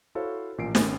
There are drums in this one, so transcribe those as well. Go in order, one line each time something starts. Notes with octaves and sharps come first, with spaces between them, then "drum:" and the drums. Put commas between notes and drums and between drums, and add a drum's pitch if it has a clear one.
E4 F#4 A4 C5 C#5 F5
A1 A#2 F3 C7 D7
G#1 C#4 A#4 C5 G#5 A6, drum: snare